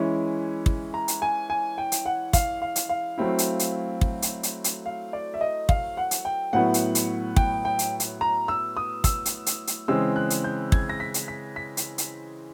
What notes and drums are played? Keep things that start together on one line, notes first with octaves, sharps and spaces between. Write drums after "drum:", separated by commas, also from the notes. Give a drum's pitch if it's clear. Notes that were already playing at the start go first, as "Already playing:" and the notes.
Already playing: E3 G#3 C#4 E4
drum: kick
A#5
drum: hi-hat
G#5
G#5
G5
drum: hi-hat
F#5
F5, drum: kick, hi-hat
F5
drum: hi-hat
F5
F#3 A3 C4 E4
drum: hi-hat
drum: hi-hat
drum: kick
drum: hi-hat
drum: hi-hat
drum: hi-hat
F5
D5
E5
D#5
F5, drum: kick
F#5
drum: hi-hat
G5
A2 F#3 B3 E4 F#5
drum: hi-hat
drum: hi-hat
G5, drum: kick
G5
drum: hi-hat
drum: hi-hat
A#5
E6
D#6
E6, drum: kick, hi-hat
drum: hi-hat
drum: hi-hat
drum: hi-hat
C#3 E3 G#3 C4 E6
F#6
drum: hi-hat
G6
G#6, drum: kick
A#6
B6
drum: hi-hat
B6
B6
drum: hi-hat
drum: hi-hat